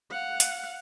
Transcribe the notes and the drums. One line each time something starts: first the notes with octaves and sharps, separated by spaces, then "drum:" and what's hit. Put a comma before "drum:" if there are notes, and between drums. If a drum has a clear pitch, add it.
F5 F#5
drum: hi-hat